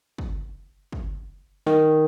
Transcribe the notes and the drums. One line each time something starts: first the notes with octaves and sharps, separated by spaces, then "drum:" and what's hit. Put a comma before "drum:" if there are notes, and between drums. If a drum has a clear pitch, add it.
drum: kick
drum: kick
D#3, drum: snare